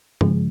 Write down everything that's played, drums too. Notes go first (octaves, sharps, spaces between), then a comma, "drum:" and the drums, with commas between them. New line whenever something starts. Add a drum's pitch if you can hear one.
C#3 F3 G#3, drum: tom G2